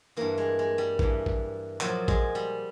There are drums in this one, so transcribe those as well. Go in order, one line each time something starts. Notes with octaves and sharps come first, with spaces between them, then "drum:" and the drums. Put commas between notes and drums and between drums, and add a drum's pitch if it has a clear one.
G2 E3 A#3
G#3
G#3
G3
G2 E3, drum: kick
drum: kick
A#2 F3 F#3, drum: clap
G#3, drum: kick
G3